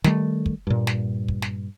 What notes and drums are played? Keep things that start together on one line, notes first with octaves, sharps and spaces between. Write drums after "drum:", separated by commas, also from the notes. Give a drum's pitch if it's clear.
D#3 G3 A3, drum: snare
drum: kick
G2 A#2
drum: snare
drum: kick
drum: snare